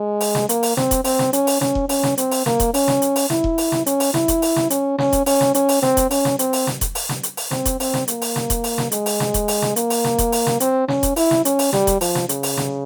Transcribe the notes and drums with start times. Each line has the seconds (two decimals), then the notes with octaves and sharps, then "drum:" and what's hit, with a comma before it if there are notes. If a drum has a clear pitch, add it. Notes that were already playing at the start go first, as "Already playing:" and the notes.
Already playing: G#3
0.21 drum: open hi-hat
0.35 drum: snare
0.49 A#3, drum: hi-hat
0.63 drum: open hi-hat
0.77 C4, drum: snare
0.91 drum: kick E1, hi-hat
1.05 C4, drum: open hi-hat
1.19 drum: snare
1.33 C#4, drum: hi-hat
1.47 drum: open hi-hat
1.61 C#4, drum: snare
1.75 drum: kick E1
1.89 C#4, drum: open hi-hat
2.03 drum: snare
2.18 C4, drum: hi-hat
2.31 drum: open hi-hat
2.46 A#3, drum: snare
2.60 drum: kick E1, hi-hat
2.74 C#4, drum: open hi-hat
2.88 drum: snare
3.02 drum: hi-hat
3.16 drum: open hi-hat
3.30 E4, drum: snare
3.44 drum: kick E1
3.58 drum: open hi-hat
3.72 drum: snare
3.86 C#4, drum: hi-hat
4.00 drum: open hi-hat
4.14 E4, drum: snare
4.28 drum: kick E1, hi-hat
4.42 drum: open hi-hat
4.56 drum: snare
4.70 C#4, drum: hi-hat
4.98 C#4, drum: snare
5.13 drum: kick E1, hi-hat
5.26 C#4, drum: open hi-hat
5.41 drum: snare
5.54 C#4, drum: hi-hat
5.69 drum: open hi-hat
5.83 C4, drum: snare
5.97 drum: kick E1, hi-hat
6.11 C#4, drum: open hi-hat
6.25 drum: snare
6.39 C4, drum: hi-hat
6.53 drum: open hi-hat
6.67 drum: snare
6.81 drum: kick E1, hi-hat
6.95 drum: open hi-hat
7.09 drum: snare
7.23 drum: hi-hat
7.37 drum: open hi-hat
7.51 C4, drum: snare
7.65 drum: kick E1, hi-hat
7.80 C4, drum: open hi-hat
7.94 drum: snare
8.08 A#3, drum: hi-hat
8.22 drum: open hi-hat
8.36 drum: snare
8.50 drum: kick E1, hi-hat
8.64 drum: open hi-hat
8.78 drum: snare
8.92 G#3, drum: hi-hat
9.06 drum: open hi-hat
9.20 drum: snare
9.34 drum: kick E1, hi-hat
9.48 drum: open hi-hat
9.62 drum: snare
9.76 A#3, drum: hi-hat
9.90 drum: open hi-hat
10.04 drum: snare
10.18 drum: kick E1, hi-hat
10.32 drum: open hi-hat
10.47 drum: snare
10.60 C4, drum: hi-hat
10.88 C#4, drum: snare
11.03 drum: kick E1, hi-hat
11.16 E4, drum: open hi-hat
11.31 drum: snare
11.45 C#4, drum: hi-hat
11.59 drum: open hi-hat
11.73 G3, drum: snare
11.87 drum: kick E1, hi-hat
12.01 F3, drum: open hi-hat
12.15 drum: snare
12.29 C#3, drum: hi-hat
12.43 drum: open hi-hat
12.57 drum: snare